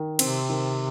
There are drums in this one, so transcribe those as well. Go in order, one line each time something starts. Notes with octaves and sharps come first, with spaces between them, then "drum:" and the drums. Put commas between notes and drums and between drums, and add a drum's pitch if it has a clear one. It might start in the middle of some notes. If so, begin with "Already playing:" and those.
Already playing: D#3
C3 C4, drum: cymbal
D#3